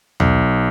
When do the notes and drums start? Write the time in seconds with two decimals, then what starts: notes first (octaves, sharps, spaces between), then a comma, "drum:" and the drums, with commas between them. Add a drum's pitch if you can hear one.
0.20 B1, drum: tom D#2